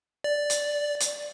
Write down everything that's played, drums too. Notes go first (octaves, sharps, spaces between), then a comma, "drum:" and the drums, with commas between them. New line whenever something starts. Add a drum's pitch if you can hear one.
D5
drum: hi-hat
drum: hi-hat